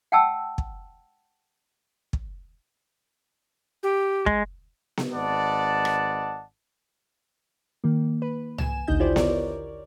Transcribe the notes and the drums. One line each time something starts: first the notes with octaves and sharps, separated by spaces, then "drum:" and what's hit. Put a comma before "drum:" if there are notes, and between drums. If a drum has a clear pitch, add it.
F#5 G5 A5 E6
drum: kick
drum: kick
G4
G#3, drum: kick
drum: snare B3
G#1 B4 D5 D#5 F#5 A5
drum: rim click
D#3 A#3
B4
G#5 E7, drum: tom C2
A#1 D#2 D3 D#4 D#5 G6
E4 F4 G4 C5 D5
A#4 C#5 D5, drum: snare B3